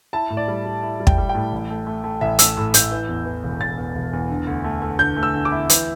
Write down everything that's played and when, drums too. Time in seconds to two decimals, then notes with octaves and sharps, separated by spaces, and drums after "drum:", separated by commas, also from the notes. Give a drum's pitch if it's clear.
0.13 E4 A5
0.30 A2
0.37 D5
0.48 G3
0.66 G3
0.83 E4
1.00 G3
1.07 G5, drum: kick
1.18 G3
1.29 G5
1.35 A2
1.52 A1
1.70 A3
1.87 A3
2.04 A3
2.21 A1 E5
2.39 A3 E6, drum: hi-hat
2.57 A2
2.74 A2 G6, drum: hi-hat
2.91 E3
3.09 E2
3.26 E3
3.43 E1
3.60 E2 A6
3.78 E2
3.95 E1
4.13 E2
4.30 D3
4.47 D2
4.64 A3
4.82 A3
4.99 D3 G6
5.17 A3
5.23 E6
5.34 D3
5.45 D6
5.52 E4
5.69 E3, drum: hi-hat